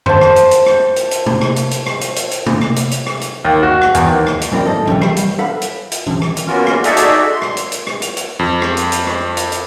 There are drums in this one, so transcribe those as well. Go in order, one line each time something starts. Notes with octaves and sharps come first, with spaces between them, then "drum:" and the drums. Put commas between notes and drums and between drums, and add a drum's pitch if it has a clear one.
C5 A5, drum: tom F2
drum: rim click
drum: hi-hat
drum: hi-hat
drum: rim click
drum: hi-hat
drum: hi-hat
drum: tom
drum: rim click
drum: hi-hat
drum: hi-hat
drum: rim click
drum: hi-hat
drum: hi-hat
drum: hi-hat
drum: tom
drum: rim click
drum: hi-hat
drum: hi-hat
drum: rim click
drum: hi-hat
D#2
F#4
drum: rim click
E2, drum: hi-hat
D#2
drum: rim click
drum: hi-hat
F#2 E3 C4 F4 A#4 D5
D#2 G#2 A4 D#5
C3 F#3 G3 A3, drum: tom E3
G3, drum: rim click
drum: hi-hat
A4 B4 F5 F#5
drum: hi-hat
drum: hi-hat
drum: tom E3
drum: rim click
drum: hi-hat
A#3 B3 C#4 F4 F#4 A#4
drum: rim click
D#4 F#4 G#4 A4 D5 E5, drum: hi-hat
drum: hi-hat
C6
drum: rim click
drum: hi-hat
drum: hi-hat
drum: rim click
drum: hi-hat
drum: hi-hat
F2
drum: rim click
drum: hi-hat
drum: hi-hat
drum: rim click
drum: hi-hat
drum: hi-hat